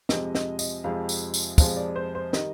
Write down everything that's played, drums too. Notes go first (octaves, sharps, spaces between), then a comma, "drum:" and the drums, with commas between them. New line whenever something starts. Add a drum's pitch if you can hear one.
F2 C3 F3 G#3 D#5, drum: snare
D#5, drum: snare
D#5, drum: tambourine
F2 C3 F3 G#3 F5
drum: tambourine
drum: tambourine
F2 C3 F3 G#3 F5, drum: kick, tambourine
D5
C5
C5
D#3 G3 D#5, drum: snare